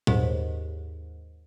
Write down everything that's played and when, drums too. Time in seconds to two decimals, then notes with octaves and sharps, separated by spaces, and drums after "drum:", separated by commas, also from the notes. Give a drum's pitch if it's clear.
0.07 D#2 G#2, drum: tom A#2